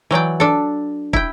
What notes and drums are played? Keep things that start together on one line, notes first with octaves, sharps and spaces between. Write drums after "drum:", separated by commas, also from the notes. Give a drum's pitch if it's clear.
E3 F#3 D5 G5
D4 A4
E4 G5, drum: kick